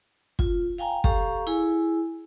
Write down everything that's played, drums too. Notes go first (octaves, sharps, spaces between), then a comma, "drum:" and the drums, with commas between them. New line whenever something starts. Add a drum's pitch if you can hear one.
F4, drum: kick
F5 G5 G#5 A#5
G4 A4 F5 A#5 C#6, drum: kick
E4 G#4 G#5